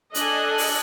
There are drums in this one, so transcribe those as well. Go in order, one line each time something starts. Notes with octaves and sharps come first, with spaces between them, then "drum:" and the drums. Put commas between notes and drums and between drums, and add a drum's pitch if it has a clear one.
D4 A4 D#5 G#5 F#6, drum: hi-hat
drum: open hi-hat